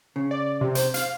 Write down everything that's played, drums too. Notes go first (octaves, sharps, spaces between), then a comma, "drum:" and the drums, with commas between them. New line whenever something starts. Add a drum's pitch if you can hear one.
C#3
D5
C3
C5, drum: hi-hat
F5, drum: hi-hat